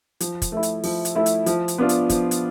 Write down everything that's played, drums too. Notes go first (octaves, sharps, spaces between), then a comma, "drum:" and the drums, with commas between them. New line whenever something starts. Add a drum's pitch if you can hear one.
F3, drum: hi-hat
drum: kick, hi-hat
A3 E4
drum: hi-hat
F3, drum: open hi-hat
drum: hi-hat
A3 E4
drum: hi-hat
F3, drum: hi-hat
drum: hi-hat
B3 D4 F4
drum: hi-hat
F3, drum: kick, hi-hat
drum: hi-hat